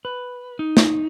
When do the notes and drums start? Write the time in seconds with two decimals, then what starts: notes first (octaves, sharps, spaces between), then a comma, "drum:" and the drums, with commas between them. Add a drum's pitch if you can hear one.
0.05 B4
0.59 D#4
0.77 drum: snare